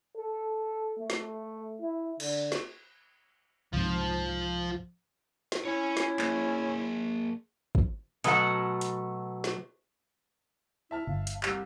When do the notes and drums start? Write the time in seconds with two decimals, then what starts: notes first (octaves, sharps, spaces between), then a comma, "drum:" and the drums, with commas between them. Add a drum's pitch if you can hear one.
0.17 A4
0.98 A3
1.10 drum: snare
1.82 E4
2.20 D3, drum: cymbal
2.52 drum: snare
3.73 C2 G#2 F3
5.52 drum: snare
5.65 C#4 E4 C#5 G#5
5.97 drum: snare
6.19 A#3 G#4, drum: clap
7.75 drum: kick
8.24 B2 F#3 A3 F#5, drum: hi-hat
8.81 drum: hi-hat
9.44 drum: snare
10.91 E4 E5 A5 F6
11.07 G1 F5
11.27 drum: hi-hat
11.43 C2 G4 E6 F6 G6, drum: clap